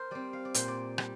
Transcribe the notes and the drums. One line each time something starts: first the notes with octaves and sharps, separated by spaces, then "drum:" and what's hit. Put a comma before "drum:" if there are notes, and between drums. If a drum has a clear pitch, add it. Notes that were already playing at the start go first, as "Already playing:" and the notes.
Already playing: A#4 C5
G3 C4 D5
F5
D5
A#2 C5, drum: hi-hat
D5
G3, drum: rim click